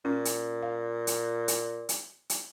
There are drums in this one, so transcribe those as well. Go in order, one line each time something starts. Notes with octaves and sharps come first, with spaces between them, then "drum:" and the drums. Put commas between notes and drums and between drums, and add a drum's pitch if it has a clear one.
A#2 C#4
drum: hi-hat
F5
drum: hi-hat
drum: hi-hat
drum: hi-hat
drum: hi-hat